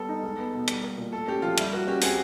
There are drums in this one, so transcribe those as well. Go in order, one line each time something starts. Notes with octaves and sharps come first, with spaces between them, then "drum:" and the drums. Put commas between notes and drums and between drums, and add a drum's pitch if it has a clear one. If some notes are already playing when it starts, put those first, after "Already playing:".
Already playing: G3 B3 A4
D#4
G#3
B3
B2
G3, drum: hi-hat
A#3
A#2
A3 A4
C#4 G4
F3 F4
G3 E4, drum: hi-hat
A#3 F#4
C#4 G4
C4 G#4, drum: open hi-hat